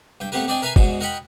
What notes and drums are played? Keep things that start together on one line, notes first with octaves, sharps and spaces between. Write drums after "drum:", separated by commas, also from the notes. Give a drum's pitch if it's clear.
G2 G5
A3 B3 C4 G4 A#4 B4
C4 D4 D5 D#5 G5 G#5
A#4 B4 E5 F5 G#5 A#5
E2 G#2 B2 F#4 D#5, drum: kick
F#4 A#4 D#5 F#5 G5 B5